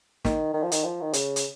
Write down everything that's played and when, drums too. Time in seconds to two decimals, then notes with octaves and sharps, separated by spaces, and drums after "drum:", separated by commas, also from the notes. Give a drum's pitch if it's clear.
0.25 D#3, drum: snare
0.54 D#3
0.63 F3
0.72 D#3, drum: hi-hat
0.84 F3
1.01 D#3
1.13 C#3, drum: hi-hat
1.36 drum: hi-hat